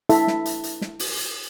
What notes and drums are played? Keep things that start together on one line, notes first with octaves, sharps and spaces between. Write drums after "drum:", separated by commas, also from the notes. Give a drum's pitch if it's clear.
E4 A4 E5, drum: hi-hat
drum: snare
drum: hi-hat
drum: hi-hat
drum: snare
drum: open hi-hat
drum: hi-hat